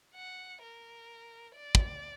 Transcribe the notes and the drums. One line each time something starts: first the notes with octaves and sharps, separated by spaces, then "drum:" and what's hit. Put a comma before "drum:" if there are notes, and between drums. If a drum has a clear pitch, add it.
F#5
A#4
D5
drum: kick